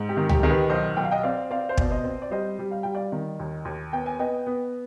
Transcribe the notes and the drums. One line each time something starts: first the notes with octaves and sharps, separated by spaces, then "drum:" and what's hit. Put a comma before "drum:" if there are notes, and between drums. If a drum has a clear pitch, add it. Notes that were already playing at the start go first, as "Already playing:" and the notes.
Already playing: G#2
G4
D#3
G4, drum: tom C#2
D#3 G#4
G4 B4
B1 C5 D#5
B1 G5
F5
D#5 G5
C4 D5 F5
C4 D5 F5
C5
B2 D5, drum: kick
C5 D#5
C4
D5
G3 C5 D#5
G3
F5
G3 G5
D5 F5
D#3
D#2
D#2
B3 G5
G#5
B3 D#5 G5
B3